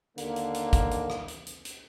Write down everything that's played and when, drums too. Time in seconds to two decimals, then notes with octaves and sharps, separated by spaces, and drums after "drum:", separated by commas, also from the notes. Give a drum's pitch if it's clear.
0.18 D#2 D3 A#3, drum: hi-hat
0.36 drum: hi-hat
0.54 drum: hi-hat
0.73 drum: kick, hi-hat
0.91 drum: hi-hat
1.10 drum: rim click
1.28 drum: hi-hat
1.47 drum: hi-hat
1.65 drum: hi-hat